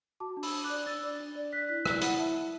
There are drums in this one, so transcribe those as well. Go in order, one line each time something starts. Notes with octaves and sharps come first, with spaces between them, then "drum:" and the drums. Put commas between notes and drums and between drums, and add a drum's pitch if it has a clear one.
F#4 A5 D6
D4
B5 E6, drum: open hi-hat
D4
D6 F#6
D5
D4 E6 A6
D5
D4
D5
D5 F#6 B6
E4 F#6 B6
E4 F#6 B6, drum: rim click
E4 F#5 B5, drum: hi-hat
E4 E5 A5
E4